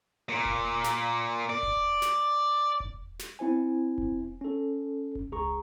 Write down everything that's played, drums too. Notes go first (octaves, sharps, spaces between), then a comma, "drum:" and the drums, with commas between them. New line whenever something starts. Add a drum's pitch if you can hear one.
A#2
drum: kick E1
drum: snare
D5
drum: kick E1
drum: snare
drum: kick E1
drum: snare
C4 E4 C5 G#5
drum: kick E1
C#4 A4
drum: kick E1
C#2 G#4 A#5 C#6